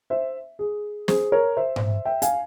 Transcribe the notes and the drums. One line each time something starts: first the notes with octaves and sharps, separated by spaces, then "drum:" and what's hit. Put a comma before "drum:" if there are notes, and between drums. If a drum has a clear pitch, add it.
C5 E5
G#4
G#4 C5, drum: snare
A#4 C#5
C5 E5
drum: tom G#2
E5 G5
F5 G#5, drum: hi-hat